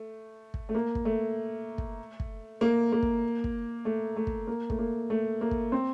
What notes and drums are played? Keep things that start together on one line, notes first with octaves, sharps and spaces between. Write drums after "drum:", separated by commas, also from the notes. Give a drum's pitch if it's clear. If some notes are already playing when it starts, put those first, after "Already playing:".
Already playing: A3
drum: kick
A3
A#3
drum: kick
A3
drum: kick
drum: kick
A#3
A#3
drum: kick
drum: kick
A3
A3
drum: kick
A#3
A3, drum: kick
A#3
A3
A#3
drum: kick
C4